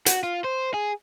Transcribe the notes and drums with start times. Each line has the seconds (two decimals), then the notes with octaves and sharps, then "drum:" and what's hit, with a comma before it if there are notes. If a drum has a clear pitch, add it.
0.06 F#4, drum: hi-hat
0.23 F4
0.44 C5
0.74 G#4